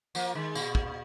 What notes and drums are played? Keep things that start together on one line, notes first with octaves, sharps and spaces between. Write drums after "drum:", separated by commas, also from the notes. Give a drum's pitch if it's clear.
F3 A#3, drum: tambourine
D#3 G#3
A#2, drum: tambourine
drum: kick